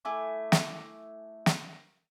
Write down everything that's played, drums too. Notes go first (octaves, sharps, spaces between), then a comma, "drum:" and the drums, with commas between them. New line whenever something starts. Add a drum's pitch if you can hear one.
A3 E4 G#5 D6
drum: snare
drum: snare